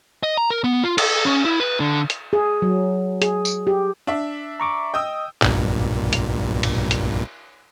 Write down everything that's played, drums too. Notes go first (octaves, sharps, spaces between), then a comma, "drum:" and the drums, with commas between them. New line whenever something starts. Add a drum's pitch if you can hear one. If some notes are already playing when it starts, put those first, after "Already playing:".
D#5
A#5
A#4
B3
F4
A4, drum: cymbal
C#4
E4
B4
D3
drum: hi-hat
G#4
F#3
G#4, drum: hi-hat
drum: tambourine
G4
D4 E5
A#5 C#6 D6
D#5 G5 D#6 E6
B1 G2 A#2, drum: clap
drum: hi-hat
drum: cymbal
drum: hi-hat